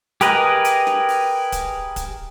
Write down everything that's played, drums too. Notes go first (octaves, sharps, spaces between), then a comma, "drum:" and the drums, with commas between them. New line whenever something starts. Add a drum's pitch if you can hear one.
G4 G#4 A#4 B4 D#5, drum: hi-hat
drum: hi-hat
drum: snare
drum: open hi-hat
drum: kick, hi-hat
drum: kick, hi-hat